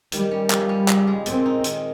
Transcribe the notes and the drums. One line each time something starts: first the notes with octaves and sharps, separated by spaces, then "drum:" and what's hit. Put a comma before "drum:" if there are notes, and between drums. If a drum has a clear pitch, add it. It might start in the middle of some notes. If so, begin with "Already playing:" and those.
D#3 G3, drum: hi-hat
C#4
F3, drum: clap
C#4
C#3, drum: clap
G#3
A#2 C4, drum: hi-hat
D#4
D#3, drum: hi-hat